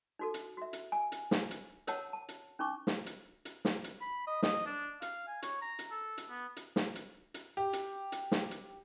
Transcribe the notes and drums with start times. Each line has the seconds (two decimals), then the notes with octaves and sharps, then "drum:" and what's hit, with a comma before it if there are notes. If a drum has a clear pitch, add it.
0.19 D#4 F#4 A4
0.34 drum: hi-hat
0.57 F#4 E5
0.73 drum: hi-hat
0.92 G#5
1.12 drum: hi-hat
1.31 drum: snare
1.51 drum: hi-hat
1.87 A#4 C#5 F#5 A5, drum: hi-hat
2.13 A5
2.29 drum: hi-hat
2.59 C#4 D#4 C#6 D6
2.87 drum: snare
3.06 drum: hi-hat
3.45 drum: hi-hat
3.65 drum: snare
3.84 drum: hi-hat
4.01 B5
4.27 D#5
4.42 D#5, drum: snare
4.66 D4
5.02 F5, drum: hi-hat
5.28 G#5
5.42 C#5, drum: hi-hat
5.62 A#5
5.79 drum: hi-hat
5.91 A4
6.18 drum: hi-hat
6.29 B3
6.56 drum: hi-hat
6.76 drum: snare
6.95 drum: hi-hat
7.34 drum: hi-hat
7.57 G4
7.73 drum: hi-hat
8.12 drum: hi-hat
8.32 drum: snare
8.51 drum: hi-hat